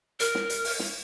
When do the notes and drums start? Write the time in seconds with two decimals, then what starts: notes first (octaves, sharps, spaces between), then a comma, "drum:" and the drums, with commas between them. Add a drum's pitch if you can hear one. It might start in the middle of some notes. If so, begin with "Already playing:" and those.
0.20 A#4, drum: hi-hat
0.35 drum: snare
0.50 drum: hi-hat
0.65 drum: open hi-hat
0.79 drum: snare